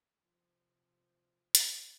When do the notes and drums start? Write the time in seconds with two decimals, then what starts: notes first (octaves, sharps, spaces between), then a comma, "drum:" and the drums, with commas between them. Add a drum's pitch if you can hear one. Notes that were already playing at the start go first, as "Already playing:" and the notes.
0.23 C3 F3
1.55 drum: hi-hat